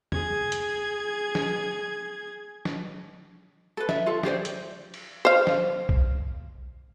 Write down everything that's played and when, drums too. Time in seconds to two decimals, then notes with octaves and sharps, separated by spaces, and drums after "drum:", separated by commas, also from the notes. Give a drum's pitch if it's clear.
0.12 G#4 G#6, drum: tom
0.52 drum: hi-hat
1.35 drum: snare
2.65 drum: snare
3.77 A4 B4
3.89 E5, drum: snare
4.06 F4 A4
4.23 G4 G#4 C5 D5, drum: snare
4.45 drum: hi-hat
4.94 drum: cymbal
5.25 C5 F5
5.47 drum: snare
5.89 drum: kick B1